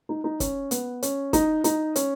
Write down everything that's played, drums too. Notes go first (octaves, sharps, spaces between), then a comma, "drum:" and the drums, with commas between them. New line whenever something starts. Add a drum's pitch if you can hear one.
D#4
D#4
C#4, drum: kick, hi-hat
B3, drum: hi-hat
C#4, drum: hi-hat
D#4, drum: kick, hi-hat
D#4, drum: hi-hat
C#4, drum: hi-hat